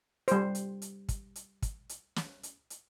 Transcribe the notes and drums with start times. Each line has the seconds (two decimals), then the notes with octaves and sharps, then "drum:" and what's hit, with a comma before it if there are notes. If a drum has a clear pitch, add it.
0.28 G3 C5, drum: hi-hat
0.55 drum: hi-hat
0.82 drum: hi-hat
1.09 drum: kick, hi-hat
1.36 drum: hi-hat
1.62 drum: kick, hi-hat
1.89 drum: hi-hat
2.16 drum: snare
2.43 drum: hi-hat
2.70 drum: hi-hat